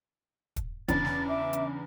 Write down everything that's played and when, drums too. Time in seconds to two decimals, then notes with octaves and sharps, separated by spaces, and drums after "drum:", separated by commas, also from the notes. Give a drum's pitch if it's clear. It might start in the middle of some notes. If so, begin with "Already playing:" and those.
0.56 drum: kick, hi-hat
0.89 E2 C#3 D4 A6, drum: kick, hi-hat
1.05 drum: snare
1.28 E5 D6
1.53 drum: hi-hat